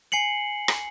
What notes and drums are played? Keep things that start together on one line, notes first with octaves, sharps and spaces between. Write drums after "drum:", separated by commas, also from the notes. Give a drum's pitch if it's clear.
G#5 C7 C#7 F#7
drum: rim click